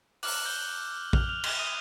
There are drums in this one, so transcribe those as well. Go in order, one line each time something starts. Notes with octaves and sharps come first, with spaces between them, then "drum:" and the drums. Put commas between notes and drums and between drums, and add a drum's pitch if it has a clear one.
D6 F6 F#6 F#7, drum: open hi-hat
F#6 F#7
G6 G7
F#6 F#7
D6 F6 F#6 F7, drum: kick A#1
F6 F7
F6 F7, drum: cymbal
D#6 D#7